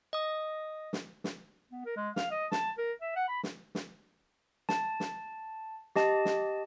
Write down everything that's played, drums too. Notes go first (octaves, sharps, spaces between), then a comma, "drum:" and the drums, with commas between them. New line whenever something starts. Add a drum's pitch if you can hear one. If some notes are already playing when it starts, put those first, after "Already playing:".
D#5 D#6
drum: snare
drum: snare
B3
A#4
G#3
F5, drum: snare
D#5
A5, drum: snare
A#4
E5
F#5
B5
drum: snare
drum: snare
A5, drum: snare
drum: snare
G4 D#5 A5, drum: snare
drum: snare